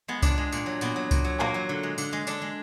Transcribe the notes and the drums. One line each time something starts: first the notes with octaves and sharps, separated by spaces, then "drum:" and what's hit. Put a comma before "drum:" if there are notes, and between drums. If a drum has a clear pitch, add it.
G#3 B3
A#2 D4, drum: kick C2, tambourine
G#3
A#2, drum: tambourine
F#3
A#2 B3, drum: tambourine
F#3
A#2, drum: kick C2, tambourine
F#3
A#2 A#3, drum: clap
F#3
D3
G#3
D3, drum: tambourine
G#3
D3 D4, drum: tambourine
G#3